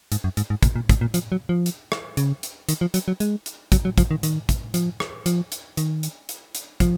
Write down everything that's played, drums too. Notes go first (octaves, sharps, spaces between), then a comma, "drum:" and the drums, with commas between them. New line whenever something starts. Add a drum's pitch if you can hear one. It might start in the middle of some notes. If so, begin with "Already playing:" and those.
G#2, drum: hi-hat
F#2
G#2, drum: hi-hat
G#2
A#2, drum: kick, hi-hat
A#2
G#2, drum: kick, hi-hat
A#2
F3, drum: hi-hat
F#3
F3
drum: hi-hat
drum: rim click
C#3, drum: hi-hat
drum: hi-hat
D#3, drum: hi-hat
F3
F#3, drum: hi-hat
F#3
G#3, drum: hi-hat
drum: hi-hat
F#3, drum: kick, hi-hat
F#3
F3, drum: kick, hi-hat
D#3
D#3, drum: hi-hat
drum: kick, hi-hat
F3, drum: hi-hat
drum: rim click
F3, drum: hi-hat
drum: hi-hat
D#3, drum: hi-hat
drum: hi-hat
drum: hi-hat
drum: hi-hat
F3, drum: kick, hi-hat